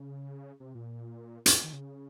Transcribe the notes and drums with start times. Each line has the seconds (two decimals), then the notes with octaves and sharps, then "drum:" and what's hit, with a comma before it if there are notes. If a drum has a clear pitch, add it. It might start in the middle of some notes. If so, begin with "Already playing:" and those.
Already playing: C#3
0.60 C3
0.75 A#2
1.46 A#2, drum: hi-hat
1.63 D#3
1.73 C#3